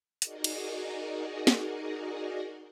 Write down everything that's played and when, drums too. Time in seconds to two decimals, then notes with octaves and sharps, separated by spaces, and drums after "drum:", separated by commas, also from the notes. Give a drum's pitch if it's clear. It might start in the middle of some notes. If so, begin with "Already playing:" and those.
0.22 D#4 F#4 G#4 A#4 D5 D#5, drum: hi-hat
0.44 drum: cymbal
1.47 drum: snare